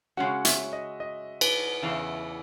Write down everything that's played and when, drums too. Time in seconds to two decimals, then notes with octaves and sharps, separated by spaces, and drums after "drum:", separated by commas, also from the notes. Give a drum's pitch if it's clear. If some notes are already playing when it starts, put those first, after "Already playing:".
0.17 C#3 G#3 C#4 F#4 F#5
0.45 E5, drum: hi-hat
0.73 D#5
1.00 D#5
1.41 B4, drum: cymbal
1.82 E2 C#3 E3